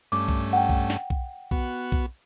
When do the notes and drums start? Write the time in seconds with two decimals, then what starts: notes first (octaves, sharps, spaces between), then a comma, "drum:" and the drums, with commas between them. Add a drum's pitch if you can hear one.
0.12 G2 A3 C#4 D6
0.29 drum: kick B1
0.53 F#5 G5
0.69 drum: kick B1
0.90 drum: snare
1.10 drum: kick B1
1.51 B3 F#4, drum: kick B1
1.92 drum: kick B1